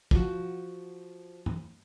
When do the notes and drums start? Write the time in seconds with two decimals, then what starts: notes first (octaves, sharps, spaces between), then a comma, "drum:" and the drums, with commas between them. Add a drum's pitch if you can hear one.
0.11 F3 F#4, drum: kick
1.46 drum: tom G2